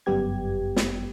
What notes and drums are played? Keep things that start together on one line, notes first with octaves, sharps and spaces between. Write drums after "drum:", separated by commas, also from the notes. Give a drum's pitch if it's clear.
G1 F#2 G3 B3 G4 G#6
drum: snare